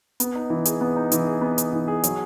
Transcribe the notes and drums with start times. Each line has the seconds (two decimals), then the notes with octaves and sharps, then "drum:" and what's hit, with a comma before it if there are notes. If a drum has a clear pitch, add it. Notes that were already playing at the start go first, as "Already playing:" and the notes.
0.20 B3, drum: hi-hat
0.35 D#4
0.50 E3
0.65 G#4, drum: hi-hat
0.81 B3
0.96 D#4
1.12 E3, drum: hi-hat
1.26 G#4
1.41 B3
1.58 D#4, drum: hi-hat
1.73 E3
1.88 G#4
2.04 F#3, drum: hi-hat